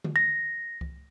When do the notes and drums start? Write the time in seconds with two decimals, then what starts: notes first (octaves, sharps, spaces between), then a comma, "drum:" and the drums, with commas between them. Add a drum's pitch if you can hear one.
0.04 drum: tom D3
0.16 A#6
0.81 drum: kick C#2